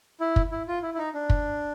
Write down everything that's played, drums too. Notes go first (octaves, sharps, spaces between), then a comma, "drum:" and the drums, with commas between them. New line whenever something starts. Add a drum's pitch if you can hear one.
E4
drum: kick
E4
F4
E4
E4
D#4
D4
drum: kick